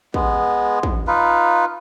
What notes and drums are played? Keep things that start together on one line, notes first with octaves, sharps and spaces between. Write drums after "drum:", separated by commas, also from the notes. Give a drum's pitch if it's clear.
G#3 B3, drum: kick
drum: kick
D#4 F4 B4